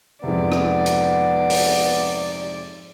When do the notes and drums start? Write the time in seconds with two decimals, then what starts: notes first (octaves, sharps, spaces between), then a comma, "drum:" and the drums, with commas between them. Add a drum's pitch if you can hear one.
0.24 F2 G#2 C3 B3 D5
0.52 drum: rim click
0.86 drum: hi-hat
1.50 drum: open hi-hat